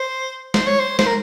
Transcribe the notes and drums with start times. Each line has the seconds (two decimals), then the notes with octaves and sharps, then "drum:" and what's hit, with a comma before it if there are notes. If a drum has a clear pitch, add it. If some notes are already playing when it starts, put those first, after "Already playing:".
Already playing: C5
0.54 C5, drum: snare
0.67 C#5
0.80 C5
0.99 C5, drum: snare
1.07 A#4